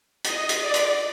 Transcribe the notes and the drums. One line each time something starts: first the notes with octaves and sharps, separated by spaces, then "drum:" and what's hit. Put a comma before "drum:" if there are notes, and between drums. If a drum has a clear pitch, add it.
D#5, drum: hi-hat
drum: hi-hat
D5
drum: hi-hat